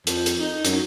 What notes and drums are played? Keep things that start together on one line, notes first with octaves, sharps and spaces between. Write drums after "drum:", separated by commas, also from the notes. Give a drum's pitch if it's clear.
F2, drum: hi-hat
drum: hi-hat
D#4
F#2, drum: hi-hat